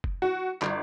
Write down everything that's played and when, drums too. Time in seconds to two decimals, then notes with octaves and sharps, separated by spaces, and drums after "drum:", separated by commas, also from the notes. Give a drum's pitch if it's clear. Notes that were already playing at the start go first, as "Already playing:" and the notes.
0.04 drum: kick F#1
0.22 F#4
0.62 G1, drum: clap